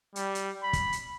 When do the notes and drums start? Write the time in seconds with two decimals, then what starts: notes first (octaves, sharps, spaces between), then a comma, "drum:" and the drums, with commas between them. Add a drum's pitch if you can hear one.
0.16 G3, drum: hi-hat
0.35 drum: hi-hat
0.63 B5
0.73 drum: kick, hi-hat
0.93 drum: hi-hat